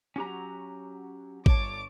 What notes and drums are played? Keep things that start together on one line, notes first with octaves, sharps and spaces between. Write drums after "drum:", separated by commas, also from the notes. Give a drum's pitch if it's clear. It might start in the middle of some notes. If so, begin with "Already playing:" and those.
F#3 C#4 G4 A#5
G1 C#5 A5 D6, drum: kick